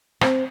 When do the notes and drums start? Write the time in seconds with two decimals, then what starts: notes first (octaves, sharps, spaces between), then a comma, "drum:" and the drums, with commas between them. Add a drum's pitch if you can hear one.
0.21 C4, drum: rim click